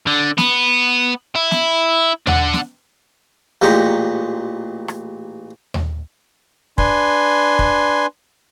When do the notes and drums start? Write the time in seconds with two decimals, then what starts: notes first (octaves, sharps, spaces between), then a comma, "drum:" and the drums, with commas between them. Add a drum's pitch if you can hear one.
0.07 D3
0.38 B3, drum: snare
1.35 E4
1.51 drum: snare
2.27 D4 F#5, drum: tom D#2
2.53 drum: snare
3.62 A1 A#2 G#3 G4 A#5 C#6
4.88 drum: rim click
5.74 drum: tom D#2
6.78 D4 B4 G#5 C6, drum: kick
7.59 drum: kick